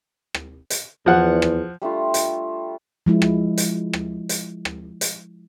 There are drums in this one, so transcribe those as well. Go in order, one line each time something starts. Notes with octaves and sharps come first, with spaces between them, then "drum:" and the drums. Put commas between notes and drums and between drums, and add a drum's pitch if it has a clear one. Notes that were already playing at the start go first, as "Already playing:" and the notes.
drum: rim click
drum: hi-hat
E2 F3 F#5
drum: rim click
G3 A3 D4 F4
drum: hi-hat
F3 G#3 E4
drum: rim click
drum: hi-hat
drum: rim click
drum: hi-hat
drum: rim click
drum: hi-hat